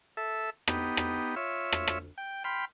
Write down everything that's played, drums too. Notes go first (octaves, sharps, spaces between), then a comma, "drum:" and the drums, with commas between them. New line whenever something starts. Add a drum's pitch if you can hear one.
A4 E5
B3 D#4 G4, drum: rim click
drum: rim click
F4 C#5 E5
drum: rim click
drum: rim click
G5
G5 B5 C6 F6